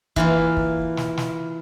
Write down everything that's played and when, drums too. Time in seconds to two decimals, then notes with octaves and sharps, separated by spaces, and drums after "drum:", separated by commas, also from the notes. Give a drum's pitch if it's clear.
0.16 E3 A#3 F4, drum: kick
0.57 drum: kick
0.97 drum: snare
1.17 drum: snare